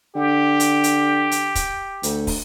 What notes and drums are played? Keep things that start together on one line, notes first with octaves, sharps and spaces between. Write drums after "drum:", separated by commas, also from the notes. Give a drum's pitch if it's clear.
D3 G4
drum: hi-hat
drum: hi-hat
drum: hi-hat
drum: kick, hi-hat
D2, drum: hi-hat
drum: kick, open hi-hat